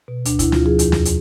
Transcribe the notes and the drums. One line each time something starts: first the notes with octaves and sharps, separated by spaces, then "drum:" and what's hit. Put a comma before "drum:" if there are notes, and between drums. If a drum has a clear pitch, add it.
B2
D2 D4, drum: hi-hat
E4, drum: kick, hi-hat
D2
F4, drum: snare
F3 G#4
E2, drum: hi-hat
drum: snare
drum: hi-hat